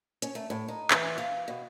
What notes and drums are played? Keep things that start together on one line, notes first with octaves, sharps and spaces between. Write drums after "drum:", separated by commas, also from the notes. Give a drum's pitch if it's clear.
C#4, drum: hi-hat
A3
A2
D#4
E3, drum: clap
F5
B2